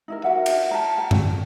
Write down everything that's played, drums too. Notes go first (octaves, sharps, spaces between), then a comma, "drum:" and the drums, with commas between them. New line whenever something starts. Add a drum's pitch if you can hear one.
D#4 E4 A#4
F#4 A#4 E5 F#5
drum: cymbal
A5 A#5
G5
drum: tom F#2